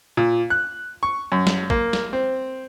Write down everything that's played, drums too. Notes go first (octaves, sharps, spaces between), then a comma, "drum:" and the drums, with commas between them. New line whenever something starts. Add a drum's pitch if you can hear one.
A#2
F#6
C#6
F#2
drum: snare
A#3, drum: kick
drum: snare
C4